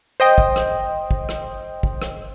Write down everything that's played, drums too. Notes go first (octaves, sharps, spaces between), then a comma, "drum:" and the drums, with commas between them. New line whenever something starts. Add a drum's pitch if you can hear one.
C5 D#5 G5
drum: kick
drum: rim click
drum: kick
drum: rim click
drum: kick
drum: rim click